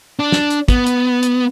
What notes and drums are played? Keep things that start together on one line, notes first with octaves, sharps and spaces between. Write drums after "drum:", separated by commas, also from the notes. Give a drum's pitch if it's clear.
D4
drum: snare
drum: hi-hat
B3, drum: kick, hi-hat
drum: hi-hat
drum: hi-hat